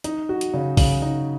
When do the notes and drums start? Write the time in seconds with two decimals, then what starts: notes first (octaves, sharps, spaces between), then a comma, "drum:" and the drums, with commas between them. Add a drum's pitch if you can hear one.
0.04 D#4, drum: hi-hat
0.29 F#4
0.41 drum: hi-hat
0.54 C#3
0.77 C#3, drum: kick, open hi-hat
1.02 D#4